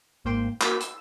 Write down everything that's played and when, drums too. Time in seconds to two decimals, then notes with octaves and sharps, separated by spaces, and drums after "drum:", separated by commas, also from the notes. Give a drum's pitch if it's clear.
0.24 G#1 G#2 A#3 C5 G5 C6
0.61 A#3 F#4 B6, drum: clap
0.81 E6, drum: hi-hat